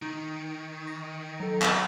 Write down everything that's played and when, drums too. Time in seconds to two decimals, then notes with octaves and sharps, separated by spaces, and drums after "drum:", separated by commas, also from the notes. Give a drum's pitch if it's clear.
0.02 D#3 D#4
0.87 A#6
1.40 F#3 A4
1.62 drum: clap